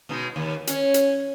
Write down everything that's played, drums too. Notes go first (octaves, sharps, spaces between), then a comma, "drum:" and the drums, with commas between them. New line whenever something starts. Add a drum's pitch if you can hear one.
B2 G#3 D#4
D#2
C#4, drum: hi-hat
drum: hi-hat